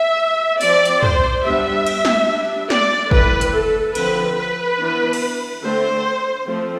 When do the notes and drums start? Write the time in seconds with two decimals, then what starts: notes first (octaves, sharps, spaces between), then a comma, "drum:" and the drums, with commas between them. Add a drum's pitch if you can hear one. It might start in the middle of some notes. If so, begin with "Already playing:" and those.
Already playing: E5
0.61 F3 C4 D5, drum: open hi-hat
0.85 drum: hi-hat
1.03 C5, drum: tom
1.44 G3 B3 D4 E5
1.87 drum: cymbal
2.05 drum: snare
2.28 G3 D4
2.70 D5, drum: snare
3.11 E3 A3 C4 B4, drum: kick
3.41 drum: hi-hat
3.53 A4
3.95 D3 F3 C4 B4, drum: cymbal
4.38 B4
4.79 E3 B3 D4
5.13 drum: cymbal
5.63 D3 A3 C4 C5
6.46 F3 A3 C4